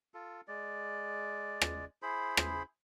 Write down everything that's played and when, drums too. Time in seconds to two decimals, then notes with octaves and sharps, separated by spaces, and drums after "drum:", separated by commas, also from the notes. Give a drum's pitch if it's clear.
0.14 F4 A4
0.48 G#3 D5
1.62 drum: rim click
2.02 E4 G#4 C5 B5
2.37 drum: rim click